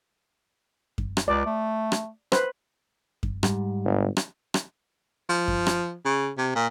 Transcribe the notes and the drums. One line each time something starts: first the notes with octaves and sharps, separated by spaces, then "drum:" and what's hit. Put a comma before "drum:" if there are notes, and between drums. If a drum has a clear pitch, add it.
drum: kick F#2
drum: rim click
C#2 D5
A3
drum: rim click
B4 C5, drum: rim click
drum: kick F#2
G#2 G3, drum: rim click
G1
drum: rim click
drum: rim click
F3
drum: kick F#2
drum: rim click
C#3
C3
A#2